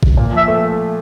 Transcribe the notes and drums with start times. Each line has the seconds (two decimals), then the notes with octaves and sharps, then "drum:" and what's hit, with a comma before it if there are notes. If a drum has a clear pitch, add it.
0.03 drum: kick G#1
0.17 A#2
0.32 F3 E5
0.48 A3